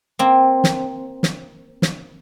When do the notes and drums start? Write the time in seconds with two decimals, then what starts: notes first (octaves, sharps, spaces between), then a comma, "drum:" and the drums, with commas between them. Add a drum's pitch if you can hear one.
0.19 A#3 C4
0.64 drum: snare
1.23 drum: snare
1.82 drum: snare